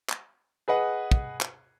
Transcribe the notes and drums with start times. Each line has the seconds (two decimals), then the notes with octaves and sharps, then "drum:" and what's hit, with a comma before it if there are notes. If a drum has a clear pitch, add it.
0.09 drum: clap
0.68 G#4 B4 D#5 F#5
1.11 drum: kick
1.41 drum: clap